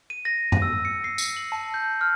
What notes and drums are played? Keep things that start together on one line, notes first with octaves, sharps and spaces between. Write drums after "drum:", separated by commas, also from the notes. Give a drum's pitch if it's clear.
D#7
A#6
drum: tom F#2
E6
C#7
C7
C#7, drum: tambourine
F#7
A5
G6
F6